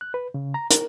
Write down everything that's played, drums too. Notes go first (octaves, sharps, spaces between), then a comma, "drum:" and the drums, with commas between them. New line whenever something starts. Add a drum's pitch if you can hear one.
F#6
B4
C#3
A#5
A#4, drum: hi-hat